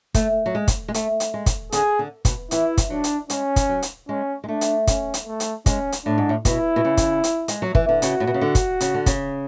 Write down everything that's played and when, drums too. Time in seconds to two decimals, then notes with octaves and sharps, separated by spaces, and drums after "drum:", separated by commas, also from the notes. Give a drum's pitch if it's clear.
0.14 A3, drum: kick, hi-hat
0.46 F#3
0.55 G#3
0.68 drum: kick, hi-hat
0.88 G#3
0.94 A3, drum: hi-hat
1.20 drum: hi-hat
1.34 G#3
1.46 drum: kick, hi-hat
1.72 D3 G#4, drum: hi-hat
1.99 D3
2.25 B2, drum: kick, hi-hat
2.51 E3 E4, drum: hi-hat
2.77 drum: kick, hi-hat
2.90 F#3 D4
3.04 drum: hi-hat
3.30 G#3 C#4, drum: hi-hat
3.56 drum: kick, hi-hat
3.69 F#3
3.82 drum: hi-hat
4.09 G#3 C#4
4.44 G#3
4.47 A3 D4
4.61 drum: hi-hat
4.87 C#4, drum: kick, hi-hat
5.14 drum: hi-hat
5.26 A3
5.40 drum: hi-hat
5.66 G#3 C#4, drum: kick, hi-hat
5.92 drum: hi-hat
6.05 A2 D4
6.18 G#2
6.29 A2
6.45 B2 E4, drum: kick, hi-hat
6.76 B2
6.85 C#3
6.97 drum: kick, hi-hat
7.24 drum: hi-hat
7.48 G#3, drum: hi-hat
7.62 F#3
7.75 E3, drum: kick
7.89 D3
8.02 C#3 F#4, drum: hi-hat
8.20 A2
8.27 B2
8.34 C#3
8.41 D3
8.55 drum: kick, hi-hat
8.80 C#3, drum: hi-hat
8.94 D3
9.06 C#3, drum: kick, hi-hat